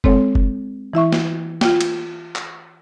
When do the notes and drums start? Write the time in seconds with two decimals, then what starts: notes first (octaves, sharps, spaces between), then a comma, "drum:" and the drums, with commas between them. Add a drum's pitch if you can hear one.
0.04 G#3 C4 A4 C#5, drum: kick F#1
0.35 drum: kick F#1
0.93 E3 E4 E5 C#6
1.12 drum: snare
1.61 F4 G5, drum: snare
1.81 drum: cymbal
2.36 drum: clap